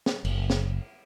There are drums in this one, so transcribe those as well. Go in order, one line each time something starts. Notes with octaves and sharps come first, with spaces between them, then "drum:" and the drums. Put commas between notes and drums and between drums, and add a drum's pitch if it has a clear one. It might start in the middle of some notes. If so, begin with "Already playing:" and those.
drum: snare
F#1, drum: cymbal
drum: snare